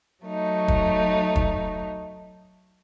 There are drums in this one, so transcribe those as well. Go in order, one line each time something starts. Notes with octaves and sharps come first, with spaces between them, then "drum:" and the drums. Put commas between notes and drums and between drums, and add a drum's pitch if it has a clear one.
F#3 A3 D#4
drum: kick
drum: kick